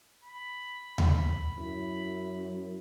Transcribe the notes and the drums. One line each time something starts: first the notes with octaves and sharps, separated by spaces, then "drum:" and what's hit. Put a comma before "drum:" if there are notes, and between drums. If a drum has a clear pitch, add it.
B5
drum: tom D#2
F#2 E4